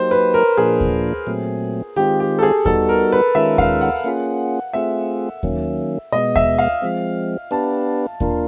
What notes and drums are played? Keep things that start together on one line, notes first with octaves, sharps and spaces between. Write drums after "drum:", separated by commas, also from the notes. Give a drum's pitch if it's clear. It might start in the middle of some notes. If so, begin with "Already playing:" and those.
Already playing: F#3 A#3 D#4 G4 C5
B4
A#4
A#2 F3 A#3 D4 G#4
drum: kick D#2
A#2 F#3 A3 C4
D#3 G#3 C4 F4 G4
G4
A4
G#4
G3 B3 D#4 F#4 A4, drum: kick D#2
A#4
B4
D#3 G#3 C#4 F4 A#4 E5
F5, drum: kick D#2
F#5
A#3 C#4 F4 G#4
A3 C4 F4 G#4 E5
D#3 F#3 A#3 C#4, drum: kick D#2
B2 G#3 B3 D#5
E5, drum: kick D#2
F5
F3 G#3 C4
B3 D4 G4 B4 A5
A#3 D4 F4 A#4, drum: kick D#2